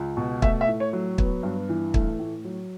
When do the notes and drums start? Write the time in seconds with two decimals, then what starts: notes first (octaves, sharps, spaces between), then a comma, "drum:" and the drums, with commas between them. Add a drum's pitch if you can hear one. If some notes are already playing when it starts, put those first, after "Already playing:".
Already playing: C#2
0.17 B2
0.42 A3 E5, drum: kick
0.61 E5
0.68 A2
0.80 C#5
0.93 F#3
1.18 B3, drum: kick
1.43 G2
1.69 E3
1.94 A3, drum: kick
2.19 A2
2.44 F#3